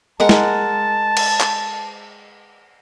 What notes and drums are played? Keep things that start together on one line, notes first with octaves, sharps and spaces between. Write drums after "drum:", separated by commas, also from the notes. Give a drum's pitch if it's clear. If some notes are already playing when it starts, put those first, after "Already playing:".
G#3 A#4 F#5 A5
drum: snare
drum: cymbal
drum: clap